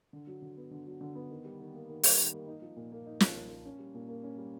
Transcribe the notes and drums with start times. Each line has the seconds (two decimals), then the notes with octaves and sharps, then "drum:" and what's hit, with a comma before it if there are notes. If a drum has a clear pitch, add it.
0.13 D3
0.27 F#3
0.42 D3
0.57 B3
0.71 D3
0.86 F#3
1.01 D3
1.15 B3
1.30 D#3
1.45 G3
1.60 D#3
1.74 A#3
1.89 D#3
2.03 G3, drum: open hi-hat
2.18 D#3
2.32 A#3
2.47 D#4
2.62 F3
2.76 A#2
2.92 A#3
3.06 D#4
3.20 F3, drum: snare
3.35 A#2
3.50 A#3
3.65 C#4
3.79 G3
3.94 A#2
4.08 A#3
4.23 C#4
4.38 G3